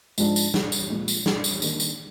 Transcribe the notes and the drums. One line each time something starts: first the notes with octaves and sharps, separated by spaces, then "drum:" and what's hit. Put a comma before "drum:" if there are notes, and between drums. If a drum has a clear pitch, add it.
G#2 F3 G#3 D4, drum: tambourine
drum: tambourine
drum: snare
drum: tambourine
A#2 F3 G#3
drum: tambourine
drum: snare
drum: tambourine
D#3 A#3 D4, drum: tambourine
drum: tambourine